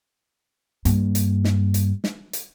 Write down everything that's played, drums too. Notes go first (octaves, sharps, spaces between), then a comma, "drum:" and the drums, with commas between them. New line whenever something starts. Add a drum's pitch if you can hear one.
G2 A#3, drum: hi-hat
drum: hi-hat
drum: snare
drum: hi-hat
drum: snare
drum: hi-hat